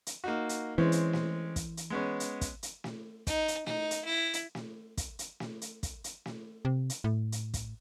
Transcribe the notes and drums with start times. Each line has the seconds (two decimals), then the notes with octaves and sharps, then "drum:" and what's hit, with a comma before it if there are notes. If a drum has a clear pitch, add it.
0.07 drum: hi-hat
0.24 A#3 D#4 F#4
0.49 drum: hi-hat
0.78 E3 G#3 C4 C#4
0.92 drum: hi-hat
1.13 drum: snare
1.56 drum: kick, hi-hat
1.77 drum: hi-hat
1.90 G#3 B3 C#4
2.20 drum: hi-hat
2.41 drum: kick, hi-hat
2.63 drum: hi-hat
2.84 drum: snare
3.27 D#4, drum: kick, hi-hat
3.48 drum: hi-hat
3.67 D#4, drum: snare
3.91 drum: hi-hat
4.04 E4
4.33 drum: hi-hat
4.55 drum: snare
4.97 drum: kick, hi-hat
5.19 drum: hi-hat
5.40 drum: snare
5.61 drum: hi-hat
5.83 drum: kick, hi-hat
6.04 drum: hi-hat
6.26 drum: snare
6.65 C3
6.90 drum: hi-hat
7.04 A2
7.32 drum: hi-hat
7.54 drum: kick, hi-hat